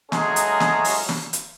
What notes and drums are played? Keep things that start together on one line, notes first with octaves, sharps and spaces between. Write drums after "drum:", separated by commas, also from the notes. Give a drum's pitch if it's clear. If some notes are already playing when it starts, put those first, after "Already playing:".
F#3 G#3 A3 C#4 D#4 G#4, drum: snare
drum: hi-hat
drum: snare
drum: open hi-hat
drum: snare
drum: hi-hat